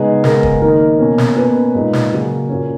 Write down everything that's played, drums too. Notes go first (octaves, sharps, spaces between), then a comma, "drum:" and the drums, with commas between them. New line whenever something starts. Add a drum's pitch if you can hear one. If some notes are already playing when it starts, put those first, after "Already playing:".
Already playing: C#3 G#3 B3 D#4 G#4
C#3 G#3 B3 A#4, drum: snare
drum: kick
D#3 A#3 D#4 A#4
B2 A#3 C#4
drum: snare
B2 A#3 C#4 B4
A#2 G#3 D#4
drum: snare
C#3 F#3 A#3
A#2 A#3 C#4